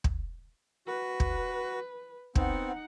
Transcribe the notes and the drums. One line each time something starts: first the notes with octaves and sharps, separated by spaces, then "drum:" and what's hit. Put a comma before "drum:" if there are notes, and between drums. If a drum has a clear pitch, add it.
drum: kick
F#4 B4
drum: kick
B3 C4 D#4 F#5, drum: kick